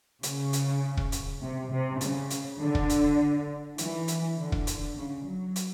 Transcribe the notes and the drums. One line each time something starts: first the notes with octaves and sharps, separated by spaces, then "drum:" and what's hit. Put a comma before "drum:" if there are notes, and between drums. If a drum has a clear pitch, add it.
C#3, drum: hi-hat
drum: hi-hat
drum: kick
drum: hi-hat
C3
C3
C#3, drum: hi-hat
drum: hi-hat
D3
drum: kick
drum: hi-hat
E3, drum: hi-hat
drum: hi-hat
D3
drum: kick
drum: hi-hat
C#3
F#3
drum: hi-hat